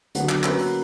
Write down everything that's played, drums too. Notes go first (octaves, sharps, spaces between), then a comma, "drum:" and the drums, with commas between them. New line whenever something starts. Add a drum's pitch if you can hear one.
D3 F#3 B3 D4 F#4, drum: hi-hat
drum: clap
A#3 C#4 F#4 B4, drum: clap
drum: open hi-hat